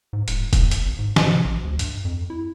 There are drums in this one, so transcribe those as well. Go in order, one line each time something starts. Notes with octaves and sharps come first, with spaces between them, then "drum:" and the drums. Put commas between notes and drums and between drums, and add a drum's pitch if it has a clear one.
G#2
D#1, drum: hi-hat
G1, drum: kick E1, hi-hat
drum: hi-hat
G#1
G#2
F3, drum: snare F3
C3
A1
D2
G2, drum: hi-hat
F2
E4